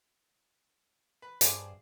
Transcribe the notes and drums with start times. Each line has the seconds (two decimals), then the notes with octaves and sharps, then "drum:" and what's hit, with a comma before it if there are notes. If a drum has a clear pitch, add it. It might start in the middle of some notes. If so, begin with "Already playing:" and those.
1.22 B4
1.41 G2 G#4 C5 D5, drum: hi-hat